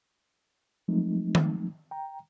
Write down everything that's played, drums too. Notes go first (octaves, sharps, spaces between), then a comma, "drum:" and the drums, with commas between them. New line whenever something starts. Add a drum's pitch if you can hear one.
F3 F#3 G#3 A3 C4 D#4
drum: tom D#3
G5 A#5